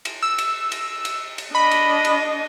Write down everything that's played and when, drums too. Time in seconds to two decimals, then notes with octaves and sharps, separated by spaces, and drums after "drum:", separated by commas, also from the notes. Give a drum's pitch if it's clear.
0.05 drum: cymbal
0.23 E6
0.38 drum: cymbal
0.72 drum: cymbal
1.05 drum: cymbal
1.38 drum: cymbal
1.55 D4 D#5 B5
1.71 drum: cymbal
2.05 drum: cymbal